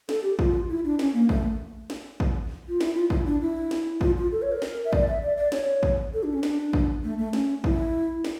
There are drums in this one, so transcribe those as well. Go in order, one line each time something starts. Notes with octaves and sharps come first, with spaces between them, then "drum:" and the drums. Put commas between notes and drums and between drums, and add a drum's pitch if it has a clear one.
A4, drum: snare
G4
F4, drum: kick
E4
D4
C#4, drum: snare
A#3
A3, drum: kick
drum: snare
drum: kick
F4
E4, drum: snare
F4
E4, drum: kick
D4
E4
drum: snare
F4, drum: kick
F4
A4
C#5
A#4
drum: snare
E5
D5, drum: kick
E5
D5
D5
C#5, drum: snare
drum: kick
A4
D4
C#4
D4, drum: snare
drum: kick
A3
A3
C#4, drum: snare
E4, drum: kick
drum: snare